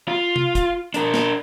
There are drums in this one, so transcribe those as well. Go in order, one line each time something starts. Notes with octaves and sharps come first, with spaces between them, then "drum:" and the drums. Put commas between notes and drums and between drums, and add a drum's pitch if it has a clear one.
F4
drum: tom
drum: kick, hi-hat
D4 A#4, drum: hi-hat
drum: snare